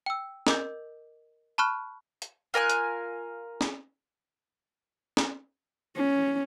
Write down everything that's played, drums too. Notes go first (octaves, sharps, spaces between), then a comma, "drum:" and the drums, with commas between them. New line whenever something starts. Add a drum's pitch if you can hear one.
G5 E6
A#4 D#5 D6 G6, drum: snare
A5 B5 C#6 F6 F#6
drum: hi-hat
F4 A#4 G#5 F#6
drum: hi-hat
drum: snare
drum: snare
C#4